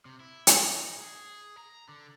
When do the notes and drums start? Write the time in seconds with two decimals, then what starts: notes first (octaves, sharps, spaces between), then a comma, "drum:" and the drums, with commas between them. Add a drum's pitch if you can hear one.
0.05 C3
0.20 E4
0.47 drum: hi-hat
0.68 D#4
0.96 G#4
1.57 A#5
1.89 D3